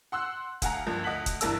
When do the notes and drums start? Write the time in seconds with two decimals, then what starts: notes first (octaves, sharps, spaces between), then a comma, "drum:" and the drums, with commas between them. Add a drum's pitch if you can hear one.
0.12 F#5 C6 E6 F#6
0.62 D2 F5 F#5 G#5 A#5, drum: kick, hi-hat
0.87 C#2 G2 F3 A#3
1.04 D2 D#5 F#5 F#6 B6 F#7
1.26 drum: kick, hi-hat
1.41 C2 G2 E3 A#4 A5 E6, drum: hi-hat